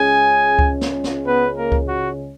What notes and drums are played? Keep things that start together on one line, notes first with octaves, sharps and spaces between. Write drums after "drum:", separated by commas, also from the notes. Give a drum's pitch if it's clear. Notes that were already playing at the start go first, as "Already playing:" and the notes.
Already playing: C#2 C#3 G#3 C#4 G#4 G#5
drum: kick C#2
drum: snare
drum: snare
B3 B4
A#3 A#4
drum: kick C#2
F#4